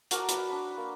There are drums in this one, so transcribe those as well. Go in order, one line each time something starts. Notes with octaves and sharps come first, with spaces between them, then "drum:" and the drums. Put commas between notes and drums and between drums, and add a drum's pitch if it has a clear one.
F#4 A#4 A5 D6, drum: hi-hat
B4 D5 A5, drum: hi-hat
D4 B5
A#3